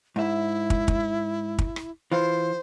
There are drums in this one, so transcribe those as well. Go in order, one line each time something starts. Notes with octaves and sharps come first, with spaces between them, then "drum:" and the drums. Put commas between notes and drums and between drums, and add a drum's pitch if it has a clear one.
G#2 E4 E5
drum: kick
drum: kick
drum: kick
drum: rim click
E3 F4 C5